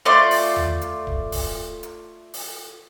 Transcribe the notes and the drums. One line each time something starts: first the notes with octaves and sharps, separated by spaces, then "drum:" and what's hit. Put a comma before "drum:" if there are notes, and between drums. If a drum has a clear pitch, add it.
A3 F4 D5 C6
drum: open hi-hat
drum: tom E2
drum: hi-hat
drum: kick D1
drum: kick D1, open hi-hat
drum: hi-hat
drum: open hi-hat